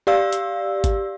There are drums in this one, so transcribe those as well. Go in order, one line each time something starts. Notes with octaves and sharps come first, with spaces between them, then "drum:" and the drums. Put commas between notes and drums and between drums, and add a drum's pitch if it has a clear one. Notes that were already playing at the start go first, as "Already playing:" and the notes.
G4 D5 F5 E6
drum: hi-hat
drum: kick G#1, hi-hat